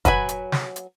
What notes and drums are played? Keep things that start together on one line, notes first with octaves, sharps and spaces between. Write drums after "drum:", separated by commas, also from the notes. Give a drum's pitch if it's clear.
F#3 B4 G#5 B5, drum: kick, hi-hat
drum: hi-hat
drum: snare
drum: hi-hat